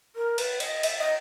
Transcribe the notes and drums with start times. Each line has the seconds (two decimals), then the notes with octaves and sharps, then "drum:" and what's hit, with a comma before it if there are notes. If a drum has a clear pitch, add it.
0.16 A#4
0.38 B4, drum: cymbal
0.60 D#5, drum: cymbal
0.83 E5, drum: cymbal
0.98 D#5